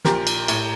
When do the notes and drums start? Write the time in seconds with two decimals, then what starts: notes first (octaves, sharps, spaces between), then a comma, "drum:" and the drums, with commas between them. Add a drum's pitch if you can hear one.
0.05 A#1 A#2 G4 A#4, drum: snare
0.27 drum: cymbal
0.48 A2, drum: cymbal